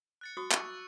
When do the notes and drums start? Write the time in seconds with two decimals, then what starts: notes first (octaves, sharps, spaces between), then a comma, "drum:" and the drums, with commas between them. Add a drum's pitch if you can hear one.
0.21 F#6 A6 C#7
0.37 F#4 C#6 D#6
0.51 C#6 D6 E6 C#7, drum: clap